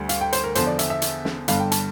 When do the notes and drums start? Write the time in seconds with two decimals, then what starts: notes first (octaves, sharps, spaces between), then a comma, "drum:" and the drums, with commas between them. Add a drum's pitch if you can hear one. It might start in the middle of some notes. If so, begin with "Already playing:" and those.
Already playing: D2 D3 G3
0.09 F5, drum: hi-hat
0.21 G5
0.33 C5, drum: hi-hat
0.44 A#4
0.55 E2 D3 F3 C5, drum: hi-hat
0.67 D5
0.79 E5, drum: hi-hat
0.90 E5
1.02 drum: hi-hat
1.25 drum: snare
1.48 G1 G2 D3 G3 F5, drum: hi-hat
1.60 G5
1.72 A5, drum: hi-hat